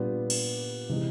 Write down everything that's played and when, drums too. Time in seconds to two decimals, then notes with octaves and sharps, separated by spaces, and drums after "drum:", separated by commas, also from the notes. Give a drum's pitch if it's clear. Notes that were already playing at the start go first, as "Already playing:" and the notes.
Already playing: A#2 G3 B3 D4 F4
0.30 drum: cymbal
0.89 C3 E3 G#3